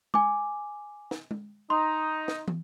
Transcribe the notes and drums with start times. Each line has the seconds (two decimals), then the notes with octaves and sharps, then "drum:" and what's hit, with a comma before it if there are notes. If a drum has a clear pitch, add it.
0.14 G#5 D6, drum: tom G#3
1.11 drum: snare
1.31 drum: tom G#3
1.70 D#4 C6
2.28 drum: snare
2.48 drum: tom